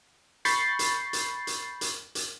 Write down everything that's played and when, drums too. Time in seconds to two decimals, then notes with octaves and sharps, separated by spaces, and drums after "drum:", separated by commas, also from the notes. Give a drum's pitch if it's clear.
0.45 B5 C#6 G6 A6 C7, drum: hi-hat
0.79 drum: hi-hat
1.13 drum: hi-hat
1.47 drum: hi-hat
1.81 drum: hi-hat
2.15 drum: hi-hat